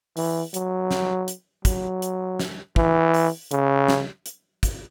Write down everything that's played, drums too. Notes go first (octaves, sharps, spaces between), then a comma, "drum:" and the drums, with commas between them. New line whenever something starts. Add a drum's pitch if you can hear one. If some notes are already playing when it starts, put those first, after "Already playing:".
E3, drum: open hi-hat
F#3, drum: hi-hat
drum: snare
drum: hi-hat
F#3, drum: kick, hi-hat
drum: hi-hat
drum: snare
E3, drum: kick
drum: open hi-hat
C#3, drum: hi-hat
drum: snare
drum: hi-hat
drum: kick, hi-hat